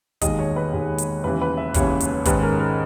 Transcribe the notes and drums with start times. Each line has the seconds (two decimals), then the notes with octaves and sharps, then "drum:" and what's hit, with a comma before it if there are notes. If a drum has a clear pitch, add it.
0.21 E1 D#2 D#3 G#3 D#5, drum: kick, hi-hat
0.39 C#5
0.56 B4
0.73 E1 D#2 D#3 G#3
0.98 drum: hi-hat
1.24 E1 D#2 C#3 E3 B4
1.41 B4
1.57 E5
1.74 E1 D#2 C#3 E3 C#5, drum: kick, hi-hat
2.00 drum: hi-hat
2.25 G#2 D#3 G#3 C#4 B4, drum: kick, hi-hat
2.43 A#4
2.60 A#4